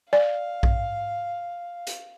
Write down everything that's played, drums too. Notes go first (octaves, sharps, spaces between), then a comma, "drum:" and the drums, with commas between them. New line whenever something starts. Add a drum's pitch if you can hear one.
D5 F5
drum: kick A#1
drum: hi-hat